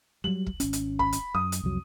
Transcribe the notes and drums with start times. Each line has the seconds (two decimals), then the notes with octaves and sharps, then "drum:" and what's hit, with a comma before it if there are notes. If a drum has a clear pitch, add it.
0.24 F#3 G3 F#7
0.46 drum: kick
0.60 G#1 C#4, drum: hi-hat
0.73 drum: hi-hat
0.99 B5, drum: kick
1.12 drum: hi-hat
1.35 F#2 D#6
1.52 drum: hi-hat
1.63 C2 F2 F#3